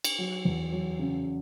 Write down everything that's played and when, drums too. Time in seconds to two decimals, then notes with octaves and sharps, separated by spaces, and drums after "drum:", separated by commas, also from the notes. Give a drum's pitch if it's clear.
0.04 drum: cymbal
0.18 F#3
0.45 E2
0.72 F#3
0.99 C#3